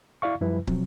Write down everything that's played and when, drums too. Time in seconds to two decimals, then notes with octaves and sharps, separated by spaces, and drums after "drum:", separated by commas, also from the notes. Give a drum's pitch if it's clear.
0.22 E4 D5 F5 C#6
0.41 F#2 F3 G3 E4 B4
0.67 B2 F3 F#3 C4, drum: kick